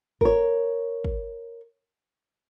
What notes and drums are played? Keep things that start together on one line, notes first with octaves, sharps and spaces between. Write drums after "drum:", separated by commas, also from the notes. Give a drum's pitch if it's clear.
A#4 C#5, drum: kick
drum: kick